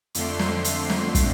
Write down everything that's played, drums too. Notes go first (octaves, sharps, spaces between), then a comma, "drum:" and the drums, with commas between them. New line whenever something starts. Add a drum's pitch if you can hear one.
F2 D3 A3 C6, drum: hi-hat
drum: snare
drum: hi-hat
drum: snare
drum: kick, hi-hat